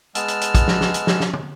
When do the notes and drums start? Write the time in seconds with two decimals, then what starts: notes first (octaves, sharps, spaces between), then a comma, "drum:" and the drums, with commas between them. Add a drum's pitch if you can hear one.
0.15 G#3 B3 A5 E6 F6, drum: hi-hat
0.28 drum: hi-hat
0.41 drum: hi-hat
0.55 drum: kick, hi-hat
0.68 drum: snare
0.81 drum: snare
0.94 drum: hi-hat
1.07 drum: snare
1.20 drum: snare
1.33 drum: tom